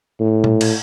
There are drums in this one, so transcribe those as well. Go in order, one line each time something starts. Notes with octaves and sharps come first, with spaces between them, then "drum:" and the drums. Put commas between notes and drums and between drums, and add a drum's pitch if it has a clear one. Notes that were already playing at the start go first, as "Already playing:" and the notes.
A2
drum: tom A#2
drum: cymbal